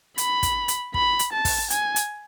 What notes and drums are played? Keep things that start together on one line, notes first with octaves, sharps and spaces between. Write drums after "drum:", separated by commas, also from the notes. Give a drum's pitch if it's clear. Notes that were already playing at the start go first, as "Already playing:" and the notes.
B5, drum: hi-hat
drum: kick, hi-hat
drum: hi-hat
B5, drum: kick
drum: hi-hat
A5
drum: kick, open hi-hat
G#5, drum: hi-hat
drum: hi-hat